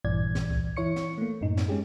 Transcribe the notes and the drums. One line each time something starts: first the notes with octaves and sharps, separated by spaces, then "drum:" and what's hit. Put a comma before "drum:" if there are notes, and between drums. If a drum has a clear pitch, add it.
A#1 G2 A#2 E3 D5 G#6
drum: snare
drum: kick C#2
E3 E4 C#5 C#6 C#7
drum: snare
A3 A#3
F#2 A2 D#4
drum: snare
G#3 C#4 G4 G#4